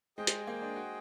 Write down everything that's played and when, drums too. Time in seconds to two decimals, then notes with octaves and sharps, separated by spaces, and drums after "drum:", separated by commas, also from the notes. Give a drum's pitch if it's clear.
0.18 G#3 G#4 C5 D#5 G5
0.27 drum: hi-hat
0.47 A#3
0.62 D4
0.76 F#4